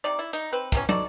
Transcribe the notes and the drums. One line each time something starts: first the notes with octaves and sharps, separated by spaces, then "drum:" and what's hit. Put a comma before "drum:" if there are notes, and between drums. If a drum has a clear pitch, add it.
C3 D#4 D5
E4
D#4, drum: hi-hat
C4 B4
C3 E3 B3 C#4, drum: kick, hi-hat
D#4 F#4 A4 D5, drum: tom